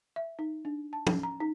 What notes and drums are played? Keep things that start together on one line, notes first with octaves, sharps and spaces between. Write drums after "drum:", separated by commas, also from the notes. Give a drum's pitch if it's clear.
E5
D#4
D4
A5
C#4, drum: tom
A#5
D#4